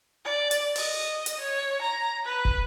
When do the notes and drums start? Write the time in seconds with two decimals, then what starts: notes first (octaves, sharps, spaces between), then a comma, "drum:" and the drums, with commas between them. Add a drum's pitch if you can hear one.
0.25 D5
0.51 drum: hi-hat
0.76 D#5, drum: open hi-hat
1.26 drum: hi-hat
1.40 C#5
1.82 A#5
2.25 B4
2.45 drum: kick